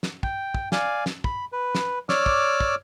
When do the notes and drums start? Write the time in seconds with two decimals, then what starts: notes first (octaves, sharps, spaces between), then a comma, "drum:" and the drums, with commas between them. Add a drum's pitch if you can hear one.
0.03 drum: snare
0.23 G5, drum: kick
0.54 drum: kick
0.72 D5 F5 G#5, drum: snare
1.06 drum: snare
1.24 B5, drum: kick
1.52 B4
1.75 drum: snare
2.09 C#5 D5 D6 E6 F6, drum: snare
2.26 drum: kick
2.60 drum: kick